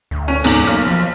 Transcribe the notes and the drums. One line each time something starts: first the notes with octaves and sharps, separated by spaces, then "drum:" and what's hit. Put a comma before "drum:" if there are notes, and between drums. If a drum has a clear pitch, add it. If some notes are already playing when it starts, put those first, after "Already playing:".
D2
C#4
E2 G#2 F#7, drum: tambourine
B1 A#3
F3